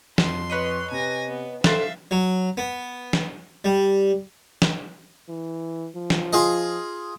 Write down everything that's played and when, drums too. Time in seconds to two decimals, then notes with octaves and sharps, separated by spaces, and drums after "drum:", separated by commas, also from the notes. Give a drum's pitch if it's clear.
0.18 F2 C6, drum: snare
0.50 B4 C#5 D#5
0.91 C3 G#5 A#6
1.28 B3
1.64 A4 C5 E5 F5 F#6 A6 C7, drum: snare
2.11 F#3
2.57 B3
3.13 drum: snare
3.65 G3
4.62 drum: snare
5.29 E3
5.95 F3
6.10 drum: snare
6.33 F4 G#4 D#5